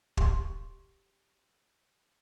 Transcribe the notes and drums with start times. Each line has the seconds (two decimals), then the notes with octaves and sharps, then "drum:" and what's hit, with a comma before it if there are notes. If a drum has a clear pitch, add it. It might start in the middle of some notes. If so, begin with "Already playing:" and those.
0.17 G4 C6, drum: kick